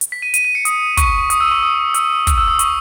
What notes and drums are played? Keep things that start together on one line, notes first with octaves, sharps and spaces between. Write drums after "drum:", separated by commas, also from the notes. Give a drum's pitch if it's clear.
drum: hi-hat
B6
D#7
D#7, drum: hi-hat
D#7
C#7
D#6, drum: hi-hat
C#6, drum: kick, hi-hat
D#6, drum: hi-hat
E6
C#6
D#6
E6, drum: hi-hat
E6, drum: kick, hi-hat
E6
D#6
C#6, drum: hi-hat